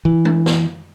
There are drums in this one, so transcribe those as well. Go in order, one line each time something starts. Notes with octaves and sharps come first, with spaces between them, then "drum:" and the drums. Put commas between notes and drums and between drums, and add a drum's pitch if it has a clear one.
E3
drum: tom G#3
drum: snare